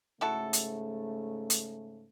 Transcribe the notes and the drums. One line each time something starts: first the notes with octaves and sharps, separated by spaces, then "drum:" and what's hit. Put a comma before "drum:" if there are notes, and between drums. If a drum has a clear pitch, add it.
G#2 C#3 A3 E4 F#4 A4
drum: hi-hat
drum: hi-hat